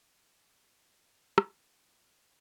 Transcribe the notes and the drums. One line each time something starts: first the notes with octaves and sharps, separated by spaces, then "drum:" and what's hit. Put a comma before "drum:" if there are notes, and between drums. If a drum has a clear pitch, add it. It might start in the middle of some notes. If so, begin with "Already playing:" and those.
Already playing: F2
E2, drum: rim click
F2